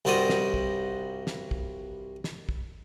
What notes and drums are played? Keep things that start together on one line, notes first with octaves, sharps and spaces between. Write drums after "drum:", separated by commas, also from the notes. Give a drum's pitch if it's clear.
C2 G2 F#4 C5 D5 D#5
drum: snare
drum: kick
drum: snare
drum: kick
drum: snare
drum: kick